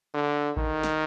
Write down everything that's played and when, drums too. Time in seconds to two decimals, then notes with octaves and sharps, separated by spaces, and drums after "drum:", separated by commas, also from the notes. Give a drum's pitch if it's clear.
0.14 D3
0.57 D#3, drum: kick A1
0.83 drum: snare